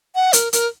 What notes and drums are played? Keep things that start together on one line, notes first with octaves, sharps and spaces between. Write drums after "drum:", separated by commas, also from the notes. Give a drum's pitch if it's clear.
F#5
A#4, drum: hi-hat
A#4, drum: hi-hat